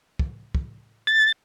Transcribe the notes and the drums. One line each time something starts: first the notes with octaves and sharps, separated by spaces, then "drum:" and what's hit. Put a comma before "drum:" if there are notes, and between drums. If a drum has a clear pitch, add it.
drum: kick
drum: kick
A6